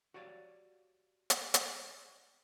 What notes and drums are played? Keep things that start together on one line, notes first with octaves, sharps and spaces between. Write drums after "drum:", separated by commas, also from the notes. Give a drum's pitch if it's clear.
F#4 G4 C#5 D5 F5
drum: hi-hat
drum: hi-hat